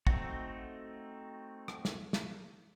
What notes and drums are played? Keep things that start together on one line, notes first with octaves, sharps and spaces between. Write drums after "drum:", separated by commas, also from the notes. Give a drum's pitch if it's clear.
A3 C4 D#4 F#4, drum: kick
drum: rim click
drum: snare
drum: snare